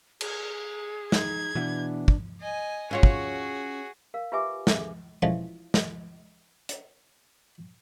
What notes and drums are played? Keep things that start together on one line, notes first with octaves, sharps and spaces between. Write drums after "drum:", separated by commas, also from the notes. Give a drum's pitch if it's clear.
G#4, drum: cymbal
D#4 G#6, drum: snare
B2 E3 B3 D4
drum: kick
D#5 G#5
C#4 F4 F#4 G#4 C#5
drum: kick
A#4 F5
F4 G4 B4 E5 G#5 D6
C#4 G#4 E5 G#5, drum: snare
A4
E3 F3 G#3 A3 C#4 F4
drum: snare
drum: hi-hat